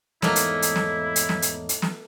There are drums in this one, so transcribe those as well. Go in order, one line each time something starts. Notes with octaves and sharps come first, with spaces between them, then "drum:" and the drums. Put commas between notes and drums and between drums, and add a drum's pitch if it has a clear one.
E2 G#2 A3 A#3 D#4 E4 C#5 D#5, drum: snare
drum: hi-hat
drum: hi-hat
drum: snare
drum: hi-hat
drum: snare
drum: hi-hat
drum: hi-hat
drum: snare